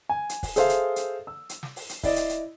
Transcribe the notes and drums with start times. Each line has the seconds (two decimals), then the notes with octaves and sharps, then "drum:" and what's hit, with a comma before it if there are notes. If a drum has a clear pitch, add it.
0.09 G#5
0.29 drum: hi-hat
0.43 drum: kick, open hi-hat
0.56 G#4 A4 C5 E5 F5, drum: hi-hat
0.69 drum: hi-hat
0.96 drum: hi-hat
1.27 E6
1.49 drum: hi-hat
1.63 drum: snare
1.76 drum: open hi-hat
1.89 drum: hi-hat
2.03 E4 D5 D#5, drum: kick, open hi-hat
2.16 drum: hi-hat
2.29 drum: hi-hat